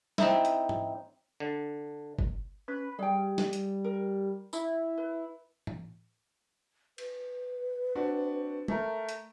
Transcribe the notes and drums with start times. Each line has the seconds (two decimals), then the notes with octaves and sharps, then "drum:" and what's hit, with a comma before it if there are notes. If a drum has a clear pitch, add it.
0.18 C4 D#4 E4, drum: snare
0.45 drum: hi-hat
0.69 drum: tom
1.40 D3
2.19 drum: kick G1
2.68 C#4 B4
2.99 G3 G#4 G5
3.38 drum: snare
3.53 drum: hi-hat
3.84 A#4
4.53 E4 B5, drum: tambourine
4.98 B4
5.67 drum: tom A2
6.98 B4, drum: cymbal
7.95 C4 D4 F#4
8.68 A3 A#4, drum: tom
9.09 drum: hi-hat